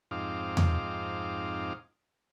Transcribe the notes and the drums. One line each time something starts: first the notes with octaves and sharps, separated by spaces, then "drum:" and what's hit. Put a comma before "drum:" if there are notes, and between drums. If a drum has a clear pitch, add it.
F2 G#2 C4 D#4 F5 D6
drum: tom E2